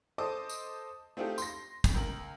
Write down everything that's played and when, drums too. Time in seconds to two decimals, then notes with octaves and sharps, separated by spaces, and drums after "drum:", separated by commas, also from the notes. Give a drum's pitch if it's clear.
0.18 A4 C5 D#5 A5 D6 D#6
0.49 drum: tambourine
1.17 A3 C4 D#4 F4 G4 A4
1.38 C6 A#6, drum: tambourine
1.84 drum: kick, tambourine
1.94 C#2 A#4 F#7